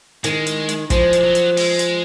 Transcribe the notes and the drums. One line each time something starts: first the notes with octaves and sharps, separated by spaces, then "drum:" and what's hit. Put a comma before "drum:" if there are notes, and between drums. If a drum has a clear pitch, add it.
D#3 G#3, drum: hi-hat
drum: hi-hat
drum: hi-hat
F3 G#3, drum: kick, hi-hat
drum: hi-hat
F#3
drum: hi-hat
G#3, drum: open hi-hat
drum: hi-hat